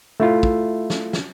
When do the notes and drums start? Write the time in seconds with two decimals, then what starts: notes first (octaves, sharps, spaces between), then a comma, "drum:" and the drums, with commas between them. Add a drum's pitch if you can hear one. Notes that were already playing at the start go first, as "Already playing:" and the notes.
0.20 A3 E4 F4
0.43 drum: kick
0.90 drum: snare
1.13 drum: snare